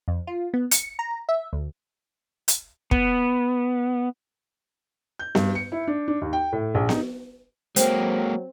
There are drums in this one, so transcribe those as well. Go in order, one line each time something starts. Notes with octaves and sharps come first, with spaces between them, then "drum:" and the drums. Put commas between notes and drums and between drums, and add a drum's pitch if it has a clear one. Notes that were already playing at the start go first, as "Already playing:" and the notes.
F2
F4
B3
C#7, drum: hi-hat
A#5
E5
D2
drum: hi-hat
B3, drum: kick
G6
G2, drum: snare B3
C#7
E4
D4
D4
D#2
G5
A2
A#1
D#4, drum: snare B3
F#3 G#3 A#3 C4 C5 G5, drum: hi-hat